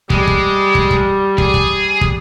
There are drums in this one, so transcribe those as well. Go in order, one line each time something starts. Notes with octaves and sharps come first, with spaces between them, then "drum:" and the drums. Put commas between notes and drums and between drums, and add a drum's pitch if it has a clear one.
G3 G#3, drum: kick
drum: kick
drum: kick
drum: kick
G#4, drum: kick
drum: kick
drum: kick